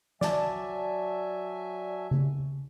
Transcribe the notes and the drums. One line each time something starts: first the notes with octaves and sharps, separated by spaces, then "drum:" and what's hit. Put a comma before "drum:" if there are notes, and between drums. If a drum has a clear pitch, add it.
F#3 D5 E5 G#5 A5, drum: snare
drum: tom C#3